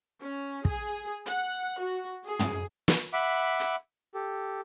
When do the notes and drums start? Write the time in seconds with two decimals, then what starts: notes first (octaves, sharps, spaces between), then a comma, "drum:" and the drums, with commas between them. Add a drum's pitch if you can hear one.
0.19 C#4
0.65 G#4, drum: kick
1.26 F#5, drum: hi-hat
1.77 F#4
2.25 G#4
2.39 drum: tom
2.88 drum: snare
3.13 E5 F#5 B5 D6
3.60 drum: hi-hat
4.14 G4 A4